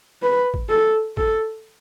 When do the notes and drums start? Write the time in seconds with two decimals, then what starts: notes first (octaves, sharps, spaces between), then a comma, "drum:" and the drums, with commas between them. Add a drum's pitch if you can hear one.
0.22 B4
0.54 drum: kick
0.69 A4
1.17 A4, drum: kick